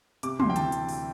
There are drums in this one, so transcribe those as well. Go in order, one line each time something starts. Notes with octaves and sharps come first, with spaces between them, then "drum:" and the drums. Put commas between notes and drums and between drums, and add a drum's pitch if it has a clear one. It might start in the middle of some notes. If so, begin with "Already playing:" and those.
C3 D6, drum: hi-hat
D2 C6, drum: tom
G5
E3 A5, drum: hi-hat
drum: hi-hat
drum: open hi-hat